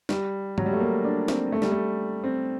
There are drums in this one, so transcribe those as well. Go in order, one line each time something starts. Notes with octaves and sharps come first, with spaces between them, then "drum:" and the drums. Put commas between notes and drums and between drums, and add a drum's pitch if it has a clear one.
G3, drum: snare
F#3, drum: tom G#2
G3
A3
A#3
D4
C4, drum: snare
A3
G3, drum: snare
A3
C4